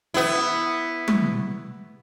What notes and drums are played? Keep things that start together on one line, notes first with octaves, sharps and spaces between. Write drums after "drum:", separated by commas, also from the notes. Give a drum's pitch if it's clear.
B3 E4
drum: tom